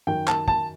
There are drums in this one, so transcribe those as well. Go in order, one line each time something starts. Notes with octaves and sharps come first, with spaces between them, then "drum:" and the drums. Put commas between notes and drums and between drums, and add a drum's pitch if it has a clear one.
F#2 D#3 G5
A5, drum: clap
A5, drum: kick